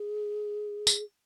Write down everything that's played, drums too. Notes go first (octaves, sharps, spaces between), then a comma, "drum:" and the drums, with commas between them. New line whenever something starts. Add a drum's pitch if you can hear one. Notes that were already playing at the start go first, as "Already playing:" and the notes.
Already playing: G#4
drum: tambourine